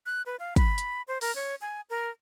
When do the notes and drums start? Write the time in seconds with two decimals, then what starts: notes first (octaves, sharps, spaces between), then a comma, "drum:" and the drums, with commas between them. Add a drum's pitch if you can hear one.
0.06 F#6
0.26 B4
0.40 F5
0.56 B5, drum: kick, hi-hat
0.78 drum: hi-hat
1.08 C5
1.21 A#4, drum: open hi-hat
1.35 C#5
1.61 G#5
1.90 A#4